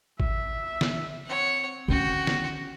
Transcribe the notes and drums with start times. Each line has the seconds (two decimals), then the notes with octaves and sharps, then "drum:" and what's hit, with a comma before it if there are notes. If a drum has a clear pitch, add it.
0.20 E5, drum: kick G#1
0.81 drum: snare
1.26 C4 C#5 F#5
1.88 D3 C#4 F#4 G5
2.27 drum: snare